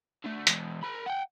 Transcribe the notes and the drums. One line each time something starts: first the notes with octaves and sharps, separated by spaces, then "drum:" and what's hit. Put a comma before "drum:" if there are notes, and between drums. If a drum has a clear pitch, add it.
D3 A3
E3 G#3, drum: hi-hat
A#4 B5
F#5 G5